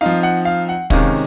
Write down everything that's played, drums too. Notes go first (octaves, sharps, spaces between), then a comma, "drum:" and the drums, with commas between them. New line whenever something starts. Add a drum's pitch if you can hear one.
F3 C4 D#4 F5
F#5
F5
F#5
C3 D#3 G#3 C#4 F5, drum: kick